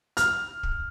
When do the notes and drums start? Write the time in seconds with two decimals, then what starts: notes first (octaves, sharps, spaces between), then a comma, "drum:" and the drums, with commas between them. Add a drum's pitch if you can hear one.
0.17 F6, drum: hi-hat
0.63 drum: kick